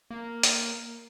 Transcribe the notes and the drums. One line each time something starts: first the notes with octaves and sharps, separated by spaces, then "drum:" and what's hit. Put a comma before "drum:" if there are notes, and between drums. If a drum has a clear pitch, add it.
A#3
drum: hi-hat